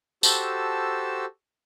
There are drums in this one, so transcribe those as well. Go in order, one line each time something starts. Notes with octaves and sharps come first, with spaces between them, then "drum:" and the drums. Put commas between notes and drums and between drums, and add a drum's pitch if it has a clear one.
F#4 G4 A4 C5 A5 E6, drum: tambourine